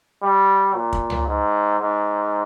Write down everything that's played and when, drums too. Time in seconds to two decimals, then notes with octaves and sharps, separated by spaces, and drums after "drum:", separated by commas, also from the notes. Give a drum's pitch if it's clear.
0.23 G3
0.75 A#2
0.93 drum: kick
1.10 drum: tom C#2
1.27 G#2
1.80 G#2